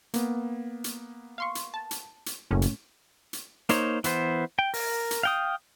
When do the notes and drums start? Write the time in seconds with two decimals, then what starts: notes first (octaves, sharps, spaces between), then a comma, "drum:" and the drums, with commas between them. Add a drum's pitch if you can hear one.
0.14 A#3 B3, drum: hi-hat
0.84 drum: hi-hat
1.38 F5 C6 C#6
1.55 drum: hi-hat
1.74 A5
1.91 drum: hi-hat
2.26 drum: hi-hat
2.51 F#1 A2 C#4
2.62 drum: hi-hat
3.33 drum: hi-hat
3.69 A#3 D#4 C5 C#5, drum: hi-hat
4.04 E3 B3 C5, drum: hi-hat
4.59 G5
4.74 A#4, drum: open hi-hat
5.11 drum: hi-hat
5.23 F5 G5 D#6